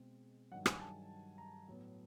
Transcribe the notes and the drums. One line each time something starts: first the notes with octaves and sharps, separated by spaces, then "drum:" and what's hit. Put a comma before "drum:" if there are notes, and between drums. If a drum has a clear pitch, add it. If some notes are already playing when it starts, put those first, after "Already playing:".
Already playing: B2 G#3 C4
G2 D#3 F#3 F#5
G#5, drum: rim click
A5
A#5
A2 F#3 B3